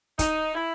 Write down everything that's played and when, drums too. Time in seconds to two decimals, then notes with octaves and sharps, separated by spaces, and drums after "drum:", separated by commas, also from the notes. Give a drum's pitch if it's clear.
0.19 D#4, drum: kick, hi-hat
0.55 E4